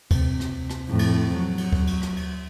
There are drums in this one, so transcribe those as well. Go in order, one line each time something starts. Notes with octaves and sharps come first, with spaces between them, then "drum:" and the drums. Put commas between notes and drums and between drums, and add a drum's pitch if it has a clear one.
C3, drum: kick D2, cymbal
drum: rim click
drum: rim click
F2 A2
drum: cymbal
F#3
drum: cymbal
drum: kick D2
drum: cymbal
drum: rim click
drum: cymbal